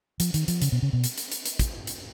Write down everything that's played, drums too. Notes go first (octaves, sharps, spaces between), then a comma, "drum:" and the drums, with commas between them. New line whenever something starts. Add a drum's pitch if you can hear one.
F3, drum: hi-hat
D#3, drum: hi-hat
F3, drum: hi-hat
C#3, drum: hi-hat
B2
C#3
B2
drum: hi-hat
drum: hi-hat
drum: hi-hat
drum: hi-hat
drum: kick, hi-hat
drum: hi-hat